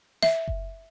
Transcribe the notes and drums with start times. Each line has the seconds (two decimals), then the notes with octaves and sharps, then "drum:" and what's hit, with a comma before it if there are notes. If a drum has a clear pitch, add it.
0.23 E5, drum: snare
0.48 drum: kick F#1